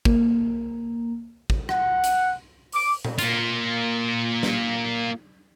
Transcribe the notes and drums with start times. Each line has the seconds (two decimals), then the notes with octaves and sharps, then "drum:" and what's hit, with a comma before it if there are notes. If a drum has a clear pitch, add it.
0.05 A#3, drum: kick
1.50 drum: kick
1.69 F#5, drum: rim click
2.04 drum: hi-hat
2.72 D6, drum: open hi-hat
3.05 drum: tom A#2
3.19 A#3 F4, drum: hi-hat
4.43 drum: snare